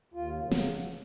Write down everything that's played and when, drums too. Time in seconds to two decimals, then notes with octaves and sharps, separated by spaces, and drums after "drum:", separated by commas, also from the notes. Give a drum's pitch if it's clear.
0.14 D#2 F4
0.40 C#3 F#3
0.51 drum: snare